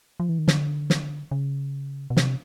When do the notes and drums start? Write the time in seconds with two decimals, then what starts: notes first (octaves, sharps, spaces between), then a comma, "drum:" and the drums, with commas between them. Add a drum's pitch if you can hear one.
0.20 F3
0.29 E3
0.39 D#3
0.48 D3, drum: snare
0.90 drum: snare
1.31 C#3
2.10 B2
2.17 C3, drum: snare